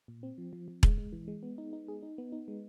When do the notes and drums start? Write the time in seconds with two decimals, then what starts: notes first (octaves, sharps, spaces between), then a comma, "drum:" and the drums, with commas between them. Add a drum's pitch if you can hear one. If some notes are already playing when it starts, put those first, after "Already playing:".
0.08 A#2
0.23 C4
0.38 F3
0.53 F3
0.68 F3
0.83 G#3, drum: kick E1
0.98 G#3
1.13 E3
1.28 G#3
1.43 B3
1.58 D#4
1.73 D#4
1.88 G#4
2.03 D#4
2.18 B3
2.32 D#4
2.48 G#3